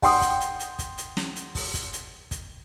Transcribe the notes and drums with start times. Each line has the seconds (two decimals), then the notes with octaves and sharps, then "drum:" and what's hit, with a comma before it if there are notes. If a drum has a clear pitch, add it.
0.02 F#5 G5 C6 D#6, drum: kick, open hi-hat
0.21 drum: kick, hi-hat
0.41 drum: hi-hat
0.60 drum: hi-hat
0.79 drum: kick, hi-hat
0.98 drum: hi-hat
1.17 drum: snare
1.36 drum: hi-hat
1.55 drum: kick, open hi-hat
1.74 drum: kick, hi-hat
1.93 drum: hi-hat
2.31 drum: kick, hi-hat